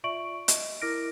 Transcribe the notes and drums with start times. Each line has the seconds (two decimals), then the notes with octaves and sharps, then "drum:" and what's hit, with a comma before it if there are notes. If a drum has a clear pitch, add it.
0.04 F4 D5 E5 C#6 D7 F#7
0.48 D#5, drum: hi-hat
0.81 E4 A#4 D6 F6 A#6 D7